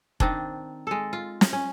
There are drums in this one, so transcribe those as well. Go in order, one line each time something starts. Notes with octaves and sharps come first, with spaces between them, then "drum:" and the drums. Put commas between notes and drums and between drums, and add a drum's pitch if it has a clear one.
D#3 C4 D4, drum: kick F1
G#3 A4
F4
drum: snare
C#4